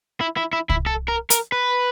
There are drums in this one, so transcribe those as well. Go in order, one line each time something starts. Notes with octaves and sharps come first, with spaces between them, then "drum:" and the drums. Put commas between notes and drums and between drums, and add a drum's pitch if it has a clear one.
E4
E4
E4
E4, drum: kick C2
A4
A#4
A#4, drum: hi-hat
B4